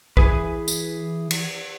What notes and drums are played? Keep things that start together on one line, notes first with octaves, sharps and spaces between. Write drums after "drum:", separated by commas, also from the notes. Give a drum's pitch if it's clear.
E3 G#4 B4, drum: kick A#1
drum: tambourine
drum: cymbal